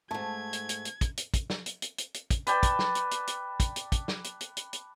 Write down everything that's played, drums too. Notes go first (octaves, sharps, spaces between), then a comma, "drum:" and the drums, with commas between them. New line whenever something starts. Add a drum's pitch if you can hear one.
G#2 A3 A5 G#6
drum: hi-hat
drum: hi-hat
drum: hi-hat
drum: kick, hi-hat
drum: hi-hat
drum: kick, hi-hat
drum: snare
drum: hi-hat
drum: hi-hat
drum: hi-hat
drum: hi-hat
drum: kick, hi-hat
B4 D5 G5 A5, drum: hi-hat
drum: kick, hi-hat
drum: snare
drum: hi-hat
drum: hi-hat
drum: hi-hat
drum: kick, hi-hat
drum: hi-hat
drum: kick, hi-hat
drum: snare
drum: hi-hat
drum: hi-hat
drum: hi-hat
drum: hi-hat